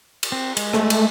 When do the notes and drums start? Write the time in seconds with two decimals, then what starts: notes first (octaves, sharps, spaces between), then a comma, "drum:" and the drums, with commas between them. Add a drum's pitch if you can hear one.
0.23 drum: cymbal
0.32 C4
0.57 G#3, drum: cymbal
0.73 A3, drum: rim click
0.90 drum: cymbal